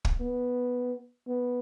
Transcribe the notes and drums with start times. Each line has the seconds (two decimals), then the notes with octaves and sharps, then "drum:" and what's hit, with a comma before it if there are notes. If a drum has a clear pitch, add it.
0.05 drum: kick
0.20 B3
1.27 B3